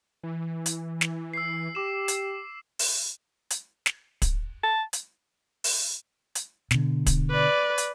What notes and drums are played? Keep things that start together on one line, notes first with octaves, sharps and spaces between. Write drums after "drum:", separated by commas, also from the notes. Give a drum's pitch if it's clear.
E3
drum: hi-hat
drum: snare
E6 C7
G4 D6 E7
drum: hi-hat
drum: open hi-hat
drum: hi-hat
drum: snare
drum: kick, hi-hat
A5
drum: hi-hat
drum: open hi-hat
drum: hi-hat
B2 D3, drum: snare
drum: kick, hi-hat
B4 D5
drum: hi-hat